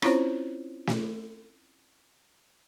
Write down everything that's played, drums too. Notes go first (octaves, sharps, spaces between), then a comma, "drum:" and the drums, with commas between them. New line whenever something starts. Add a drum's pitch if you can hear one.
C4 C#4 E4 F4 C5 C#5, drum: rim click
drum: snare